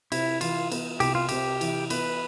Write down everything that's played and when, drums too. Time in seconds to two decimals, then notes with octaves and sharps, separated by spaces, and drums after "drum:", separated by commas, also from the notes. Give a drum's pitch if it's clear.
0.12 C3 E4, drum: cymbal
0.41 E3 F4, drum: cymbal
0.72 B3, drum: cymbal
1.00 C2 G4, drum: cymbal
1.15 F4
1.29 C3 G4, drum: cymbal
1.61 E3, drum: cymbal
1.90 B3 B4, drum: cymbal